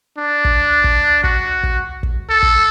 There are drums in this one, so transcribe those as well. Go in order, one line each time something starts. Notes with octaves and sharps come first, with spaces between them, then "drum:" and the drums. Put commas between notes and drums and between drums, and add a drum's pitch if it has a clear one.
D4
drum: kick
drum: kick
F#4, drum: kick
drum: kick
drum: kick
A4
drum: kick